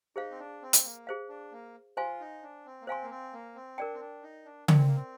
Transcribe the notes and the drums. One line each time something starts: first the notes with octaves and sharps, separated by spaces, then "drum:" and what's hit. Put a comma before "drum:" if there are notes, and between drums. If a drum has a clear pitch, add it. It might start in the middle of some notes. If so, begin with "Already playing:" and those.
D#4 G#4 C5 F5
C4
D4
C4
drum: hi-hat
A#3
G#4 C5 F5
D4
A#3
F4 C5 F5 G#5 C6
D#4
D4
C4
A#3
C4 C5 F5 G#5 C6
A#3
C4
A#3
C4
D4 A#4 D5 G5
C4
D4
D#4
D4
D4 A#4 D5 G5, drum: tom C#3
C4
A#3
C4